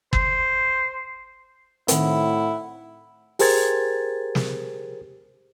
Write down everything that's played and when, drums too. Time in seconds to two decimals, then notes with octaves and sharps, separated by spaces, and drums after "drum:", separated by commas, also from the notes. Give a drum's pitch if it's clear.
0.13 C5, drum: kick
1.88 A2 D#3 C4 E4 F#5, drum: hi-hat
3.39 G4 G#4 A#4 C5 G#6 A6, drum: open hi-hat
4.35 drum: snare